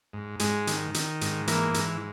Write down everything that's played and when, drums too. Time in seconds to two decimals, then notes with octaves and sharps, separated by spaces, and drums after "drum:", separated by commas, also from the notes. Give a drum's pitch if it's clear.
0.13 G#2
0.39 G#2 G#3, drum: hi-hat
0.67 D#3, drum: hi-hat
0.94 D#3, drum: hi-hat
1.21 G#2, drum: hi-hat
1.47 E3 A#3, drum: hi-hat
1.74 G#2, drum: hi-hat